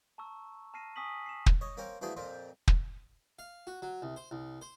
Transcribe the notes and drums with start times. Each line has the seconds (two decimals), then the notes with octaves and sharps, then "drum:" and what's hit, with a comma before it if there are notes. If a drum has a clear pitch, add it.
0.18 A5 A#5 C#6 E6
0.74 A5 F6 A#6 C7 D#7
0.96 G#5 C#6 D#6 E6 B6 F#7
1.26 C7 E7
1.46 drum: kick
1.61 C#5 D#5
1.77 A#3 C4 C#4 A#4
2.01 E3 F3 A3 D4 F#4 G#4
2.17 F2 A#2 F3 C4
2.68 drum: kick
3.39 F5
3.67 F#4
3.82 F#3
4.02 C2
4.16 C5
4.31 C2
4.61 C5